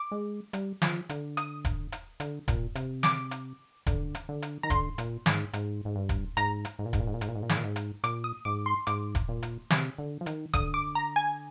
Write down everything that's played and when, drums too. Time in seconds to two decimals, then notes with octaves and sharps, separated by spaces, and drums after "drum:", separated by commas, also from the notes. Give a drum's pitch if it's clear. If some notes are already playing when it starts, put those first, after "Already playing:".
Already playing: D6
0.11 G#3
0.53 G3, drum: hi-hat
0.82 F3, drum: snare
1.09 D3, drum: hi-hat
1.37 D#6, drum: hi-hat
1.65 drum: kick D#1, hi-hat
1.92 drum: hi-hat
2.20 D3, drum: hi-hat
2.48 A#2, drum: kick D#1, hi-hat
2.75 C3, drum: hi-hat
3.03 D6, drum: snare
3.31 drum: hi-hat
3.87 D3, drum: kick D#1, hi-hat
4.15 drum: hi-hat
4.29 D3
4.42 drum: hi-hat
4.63 D#3 A#5
4.70 D3 C6, drum: kick D#1, hi-hat
4.98 A#2, drum: hi-hat
5.26 G#2, drum: snare
5.53 G#2, drum: hi-hat
5.85 G#2
5.95 G2
6.09 drum: kick D#1, hi-hat
6.37 G#2 A#5, drum: hi-hat
6.65 drum: hi-hat
6.79 G#2
6.86 A#2
6.93 G#2, drum: kick D#1, hi-hat
7.00 A#2
7.07 G#2
7.14 A#2
7.21 G#2, drum: hi-hat
7.29 A#2
7.35 G#2
7.42 A#2
7.49 G#2, drum: snare
7.57 A#2
7.64 G#2
7.76 drum: hi-hat
8.04 A#2 D6, drum: hi-hat
8.24 D#6
8.45 G#2 D6
8.66 C6
8.87 G#2 D6, drum: hi-hat
9.15 drum: kick D#1, hi-hat
9.28 A#2
9.43 drum: hi-hat
9.70 C3, drum: snare
9.98 D3
10.21 F3
10.26 D#3, drum: hi-hat
10.54 D3 D#6, drum: kick D#1, hi-hat
10.74 D6
10.95 A#5
11.16 G#5